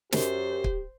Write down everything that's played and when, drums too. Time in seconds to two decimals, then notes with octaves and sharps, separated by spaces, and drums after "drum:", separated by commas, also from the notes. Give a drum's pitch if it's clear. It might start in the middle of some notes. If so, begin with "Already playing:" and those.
0.12 F#2 G4 C5, drum: snare
0.64 drum: kick